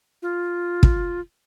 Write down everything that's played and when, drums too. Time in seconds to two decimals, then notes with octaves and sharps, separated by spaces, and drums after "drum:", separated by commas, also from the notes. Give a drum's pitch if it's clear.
0.22 F4
0.83 drum: kick